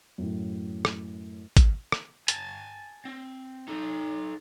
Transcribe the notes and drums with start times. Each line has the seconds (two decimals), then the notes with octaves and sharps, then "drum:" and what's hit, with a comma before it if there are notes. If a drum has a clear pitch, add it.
0.18 F#2 A2
0.85 drum: rim click
1.57 drum: kick, hi-hat
1.92 drum: rim click
2.28 G#5 A5, drum: hi-hat
3.05 C4
3.68 D#4 A4